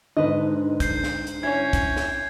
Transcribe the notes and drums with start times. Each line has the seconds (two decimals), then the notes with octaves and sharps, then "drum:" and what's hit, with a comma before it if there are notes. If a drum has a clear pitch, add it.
0.17 G#2 D3 B4 D#5
0.80 G6 C7, drum: kick, hi-hat
1.04 drum: snare
1.27 drum: hi-hat
1.43 C#4 E4 G#6
1.73 drum: kick, hi-hat
1.97 drum: snare